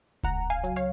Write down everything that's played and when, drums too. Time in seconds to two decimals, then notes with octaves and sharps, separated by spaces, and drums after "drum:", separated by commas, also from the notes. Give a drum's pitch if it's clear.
0.23 C#2 F#5 A#5, drum: kick D#1, hi-hat
0.50 F5 G#5
0.64 F#3, drum: hi-hat
0.76 C#5 F5